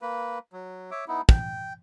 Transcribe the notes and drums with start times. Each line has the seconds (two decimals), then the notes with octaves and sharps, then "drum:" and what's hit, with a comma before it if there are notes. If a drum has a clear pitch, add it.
0.02 A#3 B4
0.53 F#3
0.91 C#5 E5 D6
1.08 B3 D#4 E4
1.29 G5, drum: kick